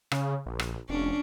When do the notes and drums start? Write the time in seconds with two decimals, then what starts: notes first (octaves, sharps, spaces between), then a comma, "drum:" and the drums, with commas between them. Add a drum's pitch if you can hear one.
0.12 C#3, drum: rim click
0.46 A#1
0.59 drum: rim click
0.89 F1 C#4 D4